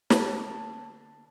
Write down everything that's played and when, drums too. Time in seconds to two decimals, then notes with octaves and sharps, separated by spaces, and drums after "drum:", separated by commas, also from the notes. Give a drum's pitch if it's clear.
0.10 D3 A5, drum: snare